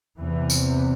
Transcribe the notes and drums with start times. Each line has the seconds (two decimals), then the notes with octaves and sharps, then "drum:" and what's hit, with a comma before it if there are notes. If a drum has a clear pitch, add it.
0.19 E2 C3 E3
0.50 drum: tambourine